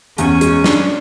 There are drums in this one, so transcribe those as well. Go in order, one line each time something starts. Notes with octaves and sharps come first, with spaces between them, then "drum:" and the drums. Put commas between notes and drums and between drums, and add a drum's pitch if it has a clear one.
E2 C#4, drum: hi-hat
G#3, drum: hi-hat
D4, drum: snare